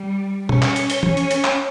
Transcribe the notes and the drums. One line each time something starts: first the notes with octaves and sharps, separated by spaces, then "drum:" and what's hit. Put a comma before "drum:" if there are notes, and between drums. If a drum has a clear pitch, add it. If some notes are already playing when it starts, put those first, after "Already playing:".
Already playing: G3
C#4, drum: tom
drum: clap
drum: hi-hat
drum: hi-hat
C#4, drum: tom
drum: hi-hat
drum: hi-hat
drum: clap